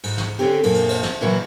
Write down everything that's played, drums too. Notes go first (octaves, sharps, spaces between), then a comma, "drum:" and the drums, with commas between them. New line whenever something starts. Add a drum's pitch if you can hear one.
G#2, drum: cymbal
drum: snare
D3 C4 C#4 G4 G#4
F#2 A#2 C4, drum: cymbal
drum: cymbal
drum: cymbal
drum: snare
A#2 C#3 E3 F#3 E4 F#4